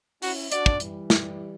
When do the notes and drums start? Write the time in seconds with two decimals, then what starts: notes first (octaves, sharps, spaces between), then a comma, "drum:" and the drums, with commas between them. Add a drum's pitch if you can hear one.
0.22 C#4 E4 F#4, drum: open hi-hat
0.52 D4 F#4 D5, drum: hi-hat
0.66 drum: kick
0.80 E3 G3, drum: hi-hat
1.10 drum: snare